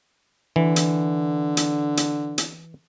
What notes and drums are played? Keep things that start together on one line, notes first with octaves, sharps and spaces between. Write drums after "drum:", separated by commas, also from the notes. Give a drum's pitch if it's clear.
D3 E3
drum: hi-hat
drum: hi-hat
drum: hi-hat
drum: hi-hat